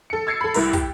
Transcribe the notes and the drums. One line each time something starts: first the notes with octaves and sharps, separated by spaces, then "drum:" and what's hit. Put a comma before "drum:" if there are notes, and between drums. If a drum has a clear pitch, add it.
A4 C#7
E6 G#6 A6 C7 C#7
A4 B5
C2 E4 A#4 A#5 B5, drum: open hi-hat
G4, drum: kick, hi-hat